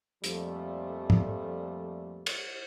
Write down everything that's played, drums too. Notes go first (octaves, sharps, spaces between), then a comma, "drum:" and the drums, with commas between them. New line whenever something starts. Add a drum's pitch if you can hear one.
F2 A#2 F3 G3 A3, drum: hi-hat
drum: tom G#2
drum: cymbal